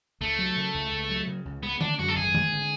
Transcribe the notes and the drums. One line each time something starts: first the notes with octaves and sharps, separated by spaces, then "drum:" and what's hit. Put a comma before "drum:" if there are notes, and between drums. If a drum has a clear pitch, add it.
C#2 A3
F#3
C#3
C#2
C#2
F#3
C#3
C#2
G#3 B3
D3 D4, drum: tom D#3
F#2 F#4
A4
G#1 G#4
G#3, drum: tom D#3
D3